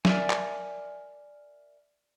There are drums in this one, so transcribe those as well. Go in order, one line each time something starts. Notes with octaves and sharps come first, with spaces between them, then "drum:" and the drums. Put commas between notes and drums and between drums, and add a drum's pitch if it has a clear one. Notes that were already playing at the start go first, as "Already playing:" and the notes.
A#4 D5 E5 G#5, drum: snare
drum: clap